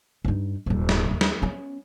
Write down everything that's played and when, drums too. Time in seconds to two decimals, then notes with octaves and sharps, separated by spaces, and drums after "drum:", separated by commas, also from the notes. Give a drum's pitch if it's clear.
0.25 G2 D#4
0.66 D#1 G#2
0.89 drum: snare
1.11 D#2
1.21 drum: snare
1.42 B3 C#4